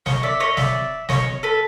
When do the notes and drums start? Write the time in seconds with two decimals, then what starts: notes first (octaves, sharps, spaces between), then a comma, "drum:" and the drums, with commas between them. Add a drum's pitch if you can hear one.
0.06 C#5 D#5, drum: snare
0.23 D5 E5
0.40 C#5 D#5
0.57 D5 E5, drum: snare
1.09 C#5 D#5, drum: snare
1.43 A4 B4